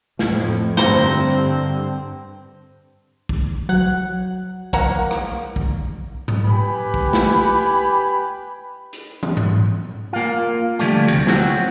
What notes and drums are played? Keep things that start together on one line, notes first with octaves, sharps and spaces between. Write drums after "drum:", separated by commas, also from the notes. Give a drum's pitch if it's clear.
F2 A2, drum: snare
G2 D3 C4 C5 A#5, drum: snare
drum: kick
F#3 F#5
A#3 F#5 A#5, drum: kick
drum: rim click
drum: kick
drum: tom G#2
G4 B4 G#5 B5
drum: kick
drum: snare
drum: hi-hat
drum: tom
drum: tom G#2
A#3 F4
D3 F3 G3 A3, drum: hi-hat
D2 C3, drum: cymbal
F#3 C4 F#4, drum: snare